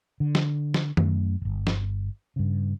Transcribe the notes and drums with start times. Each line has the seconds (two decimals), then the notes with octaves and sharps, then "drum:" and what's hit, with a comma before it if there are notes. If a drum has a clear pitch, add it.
0.20 D3
0.35 drum: snare
0.74 drum: snare
0.97 F#2 A3, drum: tom D#3
1.42 D1 G1
1.67 drum: snare
2.36 G2 C#3